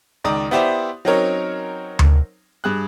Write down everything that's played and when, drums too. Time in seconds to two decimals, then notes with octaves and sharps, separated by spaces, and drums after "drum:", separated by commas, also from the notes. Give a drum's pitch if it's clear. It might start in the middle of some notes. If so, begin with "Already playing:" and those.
0.24 C#2 D#3 D5 A#5 D#6
0.51 B3 E4 G4 C5 D5 E5
1.05 F#3 C4 C#4 D#4 A#4 C#5
1.99 drum: tom D2
2.64 G2 G#4 F#6